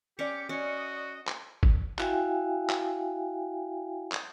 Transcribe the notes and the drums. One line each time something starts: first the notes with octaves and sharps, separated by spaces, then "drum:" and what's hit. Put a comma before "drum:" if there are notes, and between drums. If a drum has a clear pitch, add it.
C#4 G4 D5 D6 C#7
C#4 F#4 D#5
drum: clap
drum: kick G1
E4 F#4 E5 F5 G5 G#5, drum: clap
drum: clap
drum: clap